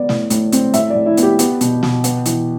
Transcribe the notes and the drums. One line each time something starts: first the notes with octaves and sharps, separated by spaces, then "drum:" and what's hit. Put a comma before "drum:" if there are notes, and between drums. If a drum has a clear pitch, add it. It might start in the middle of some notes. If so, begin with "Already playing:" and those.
Already playing: B3 D5
A2, drum: snare
A2, drum: hi-hat
C4, drum: hi-hat
A2 E5, drum: hi-hat
A2 D5
E4
B3, drum: hi-hat
G4
B3 G4, drum: hi-hat
B2, drum: hi-hat
B2, drum: snare
B3, drum: hi-hat
E3, drum: hi-hat